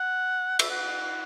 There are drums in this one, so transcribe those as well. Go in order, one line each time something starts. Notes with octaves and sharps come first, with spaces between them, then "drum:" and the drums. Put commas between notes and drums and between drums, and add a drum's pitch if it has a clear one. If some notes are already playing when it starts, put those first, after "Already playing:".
Already playing: F#5
E5, drum: cymbal
F#5